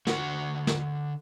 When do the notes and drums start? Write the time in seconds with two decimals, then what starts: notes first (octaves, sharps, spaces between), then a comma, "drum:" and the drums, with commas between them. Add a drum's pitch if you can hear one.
0.07 D3 F#4, drum: snare
0.67 drum: snare